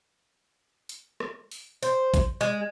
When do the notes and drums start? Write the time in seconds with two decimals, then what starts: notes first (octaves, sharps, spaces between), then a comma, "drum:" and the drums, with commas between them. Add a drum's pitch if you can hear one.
0.89 drum: hi-hat
1.20 drum: rim click
1.51 drum: open hi-hat
1.83 C5, drum: hi-hat
2.14 drum: kick A#1, hi-hat
2.41 G#3